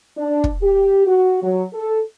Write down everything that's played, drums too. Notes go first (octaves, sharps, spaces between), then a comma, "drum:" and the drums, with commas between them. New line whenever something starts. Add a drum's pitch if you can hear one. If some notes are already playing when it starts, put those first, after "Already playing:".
D4
drum: kick
G4
F#4
F#3
A4